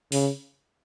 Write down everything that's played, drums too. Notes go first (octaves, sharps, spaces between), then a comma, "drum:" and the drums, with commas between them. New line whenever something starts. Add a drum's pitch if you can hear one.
C#3, drum: open hi-hat